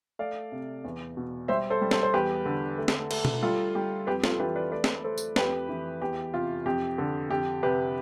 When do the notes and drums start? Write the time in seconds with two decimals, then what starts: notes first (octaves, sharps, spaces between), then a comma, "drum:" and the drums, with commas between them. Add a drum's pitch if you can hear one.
0.19 A3 D5 F5
0.52 C3
0.84 E2
1.17 B2
1.48 G3 C5 E5
1.70 A4 C5
1.81 G3
1.91 A4 C5, drum: snare
2.03 C5
2.14 E2 G4 B4
2.46 D3
2.78 A3
2.88 drum: snare
3.11 A3, drum: cymbal
3.25 drum: tom B2
3.42 G3 F4 A4
3.75 G3 G4
4.07 F2 G4 B4
4.24 F4 A4, drum: snare
4.39 E3 G4 B4
4.56 B4 D5
4.72 A3 B4 D5
4.84 drum: snare
5.04 A3 A4 C5
5.18 drum: tambourine
5.36 F2 G4 B4, drum: snare
5.69 E3
6.01 E2 G4
6.33 C3 F4
6.65 F2 G4
6.98 D3
7.30 F2 G4
7.63 C3 G4 B4